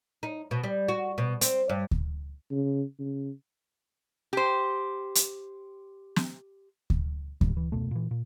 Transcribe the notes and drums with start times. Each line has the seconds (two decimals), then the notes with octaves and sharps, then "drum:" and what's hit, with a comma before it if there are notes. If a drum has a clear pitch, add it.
0.23 D#4
0.51 B2
0.64 G3
0.88 F#4
1.18 B2
1.41 C4, drum: hi-hat
1.69 G2
1.91 drum: kick D2
2.51 C#3
2.99 C#3
4.33 G4 C5
5.15 drum: hi-hat
6.16 drum: snare
6.90 drum: kick D2
7.41 D#2 G#2 G3, drum: kick D2
7.57 E3
7.72 F1 B2 A3
7.91 A#2 E3
8.11 A#2